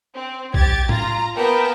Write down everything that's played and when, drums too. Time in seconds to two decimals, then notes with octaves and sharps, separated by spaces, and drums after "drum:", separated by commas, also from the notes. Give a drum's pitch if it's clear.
0.14 C4
0.54 G4 G#6 A6, drum: kick
0.89 F4 A#5, drum: tom A2
1.35 A#3 B3 A#4 G5 A5